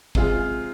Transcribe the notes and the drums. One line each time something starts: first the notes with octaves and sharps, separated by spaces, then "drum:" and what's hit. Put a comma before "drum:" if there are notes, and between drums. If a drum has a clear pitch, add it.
C3 G#3 F4 G#4, drum: kick